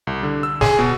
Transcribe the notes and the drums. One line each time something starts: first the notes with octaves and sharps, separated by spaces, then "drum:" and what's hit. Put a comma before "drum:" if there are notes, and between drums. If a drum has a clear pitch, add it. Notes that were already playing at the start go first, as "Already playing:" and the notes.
C2
D3
E6
G#4, drum: snare
B2